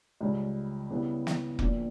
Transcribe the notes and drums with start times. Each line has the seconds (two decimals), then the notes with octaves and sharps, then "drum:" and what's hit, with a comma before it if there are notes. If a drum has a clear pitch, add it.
0.21 C#2 C#3 G3
0.90 C#3 G3 B3 E4 G4
1.27 drum: snare
1.59 A#1 A#2 A#3, drum: kick F1